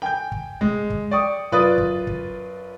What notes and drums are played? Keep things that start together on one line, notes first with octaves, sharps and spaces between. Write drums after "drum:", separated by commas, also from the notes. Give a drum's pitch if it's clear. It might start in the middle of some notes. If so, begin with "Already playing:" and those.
G5 G#5 G6
drum: kick
G#3, drum: kick
drum: kick
D5 G5 C#6 D#6
F#2 F4 B4 D5 D#6 A6
drum: kick
drum: kick